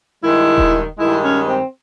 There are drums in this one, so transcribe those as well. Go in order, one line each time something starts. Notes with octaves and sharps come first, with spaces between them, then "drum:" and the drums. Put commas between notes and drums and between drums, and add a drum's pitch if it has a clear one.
G2 D#3 G#3 E4
drum: kick D#1
G2 D#3 G#3 E4
C#4
C4